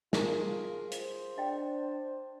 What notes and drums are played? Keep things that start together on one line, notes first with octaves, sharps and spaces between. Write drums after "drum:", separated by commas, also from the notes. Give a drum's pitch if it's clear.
F4 G#4 A#4, drum: snare
C5, drum: hi-hat
D4 D#5 G5